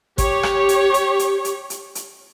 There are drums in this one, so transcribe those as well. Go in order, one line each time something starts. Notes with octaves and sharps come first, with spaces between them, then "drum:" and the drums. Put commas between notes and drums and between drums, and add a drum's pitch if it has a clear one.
G4 C#5, drum: kick, hi-hat
drum: rim click
drum: hi-hat
drum: hi-hat
drum: hi-hat
drum: hi-hat
drum: hi-hat
drum: hi-hat